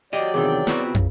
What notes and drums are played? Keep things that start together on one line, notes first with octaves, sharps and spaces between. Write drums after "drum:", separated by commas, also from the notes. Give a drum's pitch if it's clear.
F#3 G4 D5 D#5 G5
E2 C3 D#3 G#4 F5 E6
B3 C4 E4 F#4, drum: snare
C#3 F4 B4
drum: tom